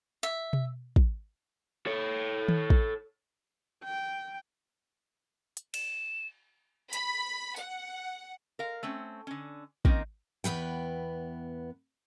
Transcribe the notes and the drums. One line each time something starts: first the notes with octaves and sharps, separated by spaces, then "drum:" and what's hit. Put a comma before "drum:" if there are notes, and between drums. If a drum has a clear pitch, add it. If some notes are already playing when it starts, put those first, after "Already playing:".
E5
drum: tom B2
drum: kick
A4 C#5
drum: tom D#3
drum: kick
G5
drum: hi-hat
E7, drum: cymbal
B5, drum: hi-hat
F#5, drum: tambourine
A#4 F5
A3 C4 C#4
D3 C#4
D#3 A#3 C4 C#4 D#4, drum: kick
E2 B3 B4 G5